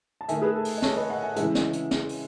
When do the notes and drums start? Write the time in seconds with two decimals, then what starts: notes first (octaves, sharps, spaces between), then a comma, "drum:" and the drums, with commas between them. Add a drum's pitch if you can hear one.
0.21 A5
0.28 D#3 A3 E5 G#5, drum: hi-hat
0.42 G#4 B4
0.55 A4
0.65 drum: open hi-hat
0.77 D#5
0.82 A4 C#5, drum: snare
0.97 B4 D#5
1.10 D#5 F#5
1.23 E5 G#5
1.36 C#3 E3 G#3 E5 G#5, drum: hi-hat
1.55 drum: snare
1.73 drum: hi-hat
1.91 drum: snare
2.09 drum: open hi-hat